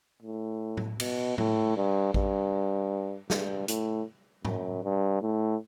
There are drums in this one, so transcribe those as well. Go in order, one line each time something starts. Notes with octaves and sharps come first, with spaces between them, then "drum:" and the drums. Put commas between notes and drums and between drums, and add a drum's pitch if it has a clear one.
A2
drum: tom A2
B2, drum: cymbal
A2, drum: tom A2
G2
G2, drum: kick A1
G2, drum: snare
A2, drum: hi-hat
F#2, drum: tom G#2
G2
A2